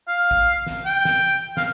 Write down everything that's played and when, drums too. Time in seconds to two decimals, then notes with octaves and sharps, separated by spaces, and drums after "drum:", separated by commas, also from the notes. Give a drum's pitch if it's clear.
0.08 F5
0.31 drum: kick A1
0.67 drum: snare
0.86 G5
1.05 drum: snare
1.57 F5, drum: snare